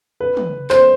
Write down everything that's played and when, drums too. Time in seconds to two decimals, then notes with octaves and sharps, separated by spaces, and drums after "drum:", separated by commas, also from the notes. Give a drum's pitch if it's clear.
0.20 B4
0.37 drum: tom
0.70 C5, drum: clap